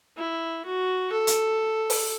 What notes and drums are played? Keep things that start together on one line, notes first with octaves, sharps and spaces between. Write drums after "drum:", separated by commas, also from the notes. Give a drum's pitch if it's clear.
E4
F#4
A4
drum: hi-hat
drum: open hi-hat